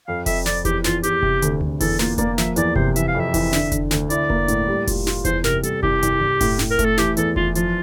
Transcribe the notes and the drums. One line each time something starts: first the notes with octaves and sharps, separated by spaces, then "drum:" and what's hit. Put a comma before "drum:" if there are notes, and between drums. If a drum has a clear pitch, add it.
F2 F5
F2 E5, drum: kick F1, open hi-hat
F2 D5, drum: snare
E2 G4, drum: kick F1, hi-hat
E2 F4, drum: snare
E2 G4, drum: hi-hat
C3, drum: kick F1
D2, drum: hi-hat
D2, drum: tom D2
E2 A4, drum: kick F1, open hi-hat
A#3 F4, drum: snare
A#3 D5, drum: kick F1, hi-hat
F3 E5, drum: snare
E2 D5, drum: hi-hat
C3 C5, drum: kick F1
E3 E5, drum: hi-hat
F5
F2 E5
E3, drum: kick F1, open hi-hat
D3, drum: snare
D3, drum: kick F1, hi-hat
D2, drum: snare
E4 D5, drum: hi-hat
A#3, drum: kick F1
A2, drum: hi-hat
G3
F4, drum: kick F1, open hi-hat
F4, drum: snare
E2 C5, drum: kick F1, hi-hat
C3 A#4, drum: snare
G3 A4, drum: hi-hat
C2 G4, drum: kick F1
C2, drum: hi-hat
C2
A2, drum: kick F1, open hi-hat
A2, drum: snare
A#4
A3, drum: kick F1, hi-hat
A4
E3 G4, drum: snare
E2 A4, drum: hi-hat
E3 F4, drum: kick F1
F3 F4, drum: hi-hat